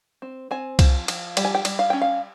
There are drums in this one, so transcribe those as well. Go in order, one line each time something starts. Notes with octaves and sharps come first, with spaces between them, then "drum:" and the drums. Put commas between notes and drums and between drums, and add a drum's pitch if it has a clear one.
C4
C4 G#5
F3, drum: kick C2, cymbal
F3, drum: cymbal
G3 G5, drum: cymbal
G#5
G5
G3, drum: cymbal
F5
C#4 G5
F5